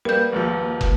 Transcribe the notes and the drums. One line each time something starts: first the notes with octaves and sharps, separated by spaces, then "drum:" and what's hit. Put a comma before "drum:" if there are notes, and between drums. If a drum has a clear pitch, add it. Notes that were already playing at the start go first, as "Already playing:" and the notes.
G3 A#3 A#4 B4 G6
G#1 D#2 F3
drum: kick